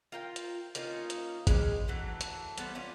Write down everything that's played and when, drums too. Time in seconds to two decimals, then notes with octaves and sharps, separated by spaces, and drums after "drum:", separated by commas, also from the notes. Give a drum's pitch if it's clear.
0.12 F4 A#4 G5
0.36 drum: hi-hat
0.75 A#3 C#4 D#4 F4, drum: hi-hat
1.10 drum: hi-hat
1.47 G#3 B3 C#4 G4, drum: kick, hi-hat
1.88 E3 F#3 A3
2.21 drum: hi-hat
2.58 G3 B3 A4 C5, drum: hi-hat
2.75 C#4 D4 F4